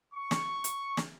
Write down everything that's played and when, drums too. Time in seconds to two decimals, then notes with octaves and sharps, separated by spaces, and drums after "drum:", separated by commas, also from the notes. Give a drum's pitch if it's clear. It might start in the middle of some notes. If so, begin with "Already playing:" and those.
0.14 C#6
0.31 drum: snare
0.64 drum: hi-hat
0.97 drum: snare